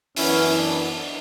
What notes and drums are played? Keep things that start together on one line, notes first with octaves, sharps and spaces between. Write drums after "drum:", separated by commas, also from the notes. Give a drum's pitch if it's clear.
F#2 E3 B3 C#4 E4, drum: open hi-hat
D4